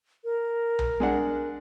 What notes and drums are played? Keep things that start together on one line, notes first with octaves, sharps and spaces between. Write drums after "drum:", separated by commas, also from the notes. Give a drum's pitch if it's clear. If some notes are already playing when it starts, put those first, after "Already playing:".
A#4
drum: tom B1
G#3 D4 F#5